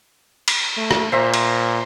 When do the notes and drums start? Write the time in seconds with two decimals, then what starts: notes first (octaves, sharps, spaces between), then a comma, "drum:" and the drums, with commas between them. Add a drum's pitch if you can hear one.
0.48 drum: cymbal
0.77 A3
0.91 drum: rim click
1.12 A#2 C5 E5 A#5
1.34 drum: cymbal